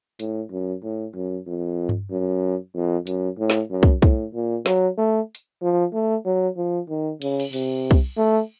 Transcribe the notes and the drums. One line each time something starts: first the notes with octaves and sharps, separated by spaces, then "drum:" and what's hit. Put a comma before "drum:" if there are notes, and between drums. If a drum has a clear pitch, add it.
A2, drum: hi-hat
F#2
A2
F#2
F2
drum: tom G2
F#2
F2
F#2, drum: hi-hat
A2
drum: snare
F#2
drum: kick
A2, drum: kick
A#2
F#3, drum: snare
A3
drum: hi-hat
F3
A3
F#3
F3
D#3
C#3, drum: cymbal
drum: cymbal
C3, drum: open hi-hat
drum: kick
A3